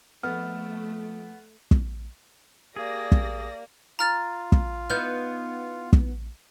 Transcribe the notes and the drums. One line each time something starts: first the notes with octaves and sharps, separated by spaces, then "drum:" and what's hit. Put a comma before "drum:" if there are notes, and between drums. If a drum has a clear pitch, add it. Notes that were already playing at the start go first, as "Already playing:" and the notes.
A#1 F2 A3 B3 F6
drum: kick
A#3 G4 G#4 D5 A#6
drum: kick
F4 A#5 F6 A6
drum: kick
B3 D#4 E4 F6 G6
drum: kick